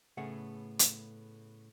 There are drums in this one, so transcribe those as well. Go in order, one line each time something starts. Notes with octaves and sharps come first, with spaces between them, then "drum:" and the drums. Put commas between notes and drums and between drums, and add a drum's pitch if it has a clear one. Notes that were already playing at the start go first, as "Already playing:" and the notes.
A2 C#3 A3 B3 G#4 F#5
drum: hi-hat